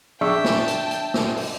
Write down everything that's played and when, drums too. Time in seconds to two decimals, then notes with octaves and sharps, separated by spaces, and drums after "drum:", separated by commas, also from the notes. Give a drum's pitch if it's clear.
0.21 D4 E5 G5 A5 C#6 E6, drum: tom
0.44 drum: snare
0.68 drum: hi-hat
0.91 drum: hi-hat
1.14 drum: snare
1.37 drum: open hi-hat